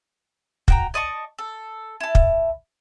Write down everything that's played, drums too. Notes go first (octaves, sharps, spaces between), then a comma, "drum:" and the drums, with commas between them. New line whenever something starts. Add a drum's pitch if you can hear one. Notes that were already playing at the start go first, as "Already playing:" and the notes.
F#4 G5 A#5, drum: kick
D5 D#5 A5 C#6
A4
E4 A5
drum: kick